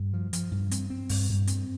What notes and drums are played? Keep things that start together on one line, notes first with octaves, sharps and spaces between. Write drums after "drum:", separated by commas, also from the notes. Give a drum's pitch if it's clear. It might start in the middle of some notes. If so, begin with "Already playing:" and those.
Already playing: G2
F3
F3, drum: hi-hat
G2
C4, drum: hi-hat
C4
G2, drum: open hi-hat
G2
C4, drum: hi-hat